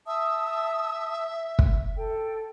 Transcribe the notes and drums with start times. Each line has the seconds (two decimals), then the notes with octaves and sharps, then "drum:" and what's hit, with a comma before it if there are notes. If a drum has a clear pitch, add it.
0.07 E5 A5 D#6 E6
1.59 drum: kick
1.96 A4 G5